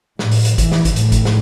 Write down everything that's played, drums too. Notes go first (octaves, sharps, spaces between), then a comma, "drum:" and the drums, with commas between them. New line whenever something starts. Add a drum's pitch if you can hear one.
A2, drum: snare
drum: open hi-hat
drum: hi-hat
E3, drum: kick G#1, hi-hat
drum: snare
drum: kick G#1, hi-hat
A2, drum: hi-hat
drum: kick G#1, hi-hat
drum: snare